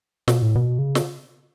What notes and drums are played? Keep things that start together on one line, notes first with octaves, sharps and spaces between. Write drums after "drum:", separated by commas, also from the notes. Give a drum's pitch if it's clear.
B2, drum: snare
A2
B2
C#3
drum: snare